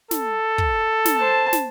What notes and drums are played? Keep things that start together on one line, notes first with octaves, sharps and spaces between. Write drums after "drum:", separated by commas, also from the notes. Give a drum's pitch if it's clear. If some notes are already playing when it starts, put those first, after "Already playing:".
A4, drum: snare
drum: kick
drum: snare
C5 A5
drum: snare